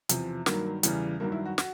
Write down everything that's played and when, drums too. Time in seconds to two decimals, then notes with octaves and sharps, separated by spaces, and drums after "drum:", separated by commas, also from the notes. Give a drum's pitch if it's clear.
0.09 E2 C3 F3, drum: hi-hat
0.46 G2 D#3 F#3 A#3, drum: snare
0.83 E2 C#3 E3 G3, drum: hi-hat
1.20 G2 D#3 F#3 A#3
1.32 E4
1.46 F#4
1.58 F#4, drum: snare